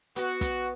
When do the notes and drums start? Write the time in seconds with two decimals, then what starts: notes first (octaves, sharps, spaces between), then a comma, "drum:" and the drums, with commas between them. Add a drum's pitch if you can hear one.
0.16 B3 F#4, drum: hi-hat
0.41 B3, drum: kick, hi-hat